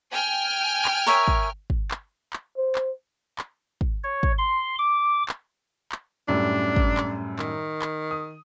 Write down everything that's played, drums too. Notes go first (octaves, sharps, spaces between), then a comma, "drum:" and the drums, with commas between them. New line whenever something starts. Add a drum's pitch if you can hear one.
G5 G#5 F6
drum: clap
A#4 C#5 E5
drum: kick
drum: kick
drum: clap
drum: clap
C5
drum: clap
drum: clap
drum: kick
C#5
drum: kick
C6
D6
drum: clap
drum: clap
F#2 A2 G3 D4
drum: kick
drum: clap
D#3, drum: clap
drum: clap
D#6